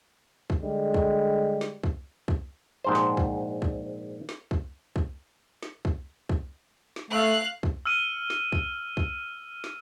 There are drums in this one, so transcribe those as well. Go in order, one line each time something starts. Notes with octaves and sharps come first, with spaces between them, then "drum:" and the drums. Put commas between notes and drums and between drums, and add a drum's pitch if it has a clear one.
drum: kick
D3 G3 G#3
drum: kick
drum: snare
drum: kick
drum: kick
A#1 G#2 C5
drum: snare
drum: kick
drum: kick
drum: snare
drum: kick
drum: kick
drum: snare
drum: kick
drum: kick
drum: snare
A3 F5 F#6
drum: kick
E6 F6 D#7
drum: snare
drum: kick
drum: kick
drum: snare